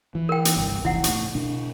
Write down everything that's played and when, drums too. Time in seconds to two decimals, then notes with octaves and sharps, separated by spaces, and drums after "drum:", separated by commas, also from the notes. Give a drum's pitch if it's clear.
0.15 E3
0.29 A#4 G5
0.45 drum: hi-hat
0.56 G1 C2
0.85 F1 C2 E3 E4 F#5
1.04 A2 C#6, drum: hi-hat
1.35 B2 D4